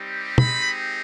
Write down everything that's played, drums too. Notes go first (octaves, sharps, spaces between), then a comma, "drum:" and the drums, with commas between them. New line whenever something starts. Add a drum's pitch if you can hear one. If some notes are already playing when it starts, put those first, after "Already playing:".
Already playing: G3 C4 D#4 G4
G#3 C4 D#4 G4 B5, drum: tom B2